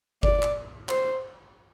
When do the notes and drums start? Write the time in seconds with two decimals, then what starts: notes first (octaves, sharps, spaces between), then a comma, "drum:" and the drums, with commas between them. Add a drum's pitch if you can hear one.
0.23 D5, drum: kick G1
0.43 drum: clap
0.89 C5, drum: clap